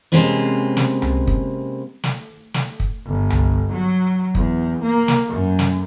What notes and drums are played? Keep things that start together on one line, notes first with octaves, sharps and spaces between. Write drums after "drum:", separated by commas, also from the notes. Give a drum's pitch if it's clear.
C3 G#3 A#3 C4 C#4 B4
drum: snare
drum: tom C2
drum: kick
drum: snare
drum: snare
drum: kick
G1
drum: tom C2
F#3
E2, drum: kick
A#3
drum: snare
F#2
drum: snare